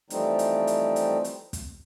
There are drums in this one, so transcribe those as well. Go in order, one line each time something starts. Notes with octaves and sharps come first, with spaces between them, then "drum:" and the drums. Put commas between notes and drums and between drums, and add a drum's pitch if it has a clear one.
E3 F3 G3 A3 C4 D#4, drum: hi-hat
drum: hi-hat
drum: hi-hat
drum: hi-hat
drum: hi-hat
drum: kick, hi-hat